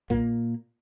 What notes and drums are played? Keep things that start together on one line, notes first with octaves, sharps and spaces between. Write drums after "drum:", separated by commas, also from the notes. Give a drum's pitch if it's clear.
A#2 A#3, drum: kick B1